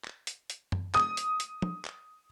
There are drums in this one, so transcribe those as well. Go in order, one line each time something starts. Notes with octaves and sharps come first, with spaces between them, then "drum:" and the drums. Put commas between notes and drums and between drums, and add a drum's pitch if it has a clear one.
drum: clap
drum: hi-hat
drum: hi-hat
drum: tom F#2
D#6, drum: clap
drum: hi-hat
drum: hi-hat
drum: tom
drum: clap